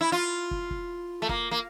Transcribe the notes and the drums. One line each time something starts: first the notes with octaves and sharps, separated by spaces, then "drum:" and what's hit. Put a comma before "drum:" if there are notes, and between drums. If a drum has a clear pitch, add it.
E4
F4
drum: kick
drum: kick
A3
A#3, drum: kick
A#3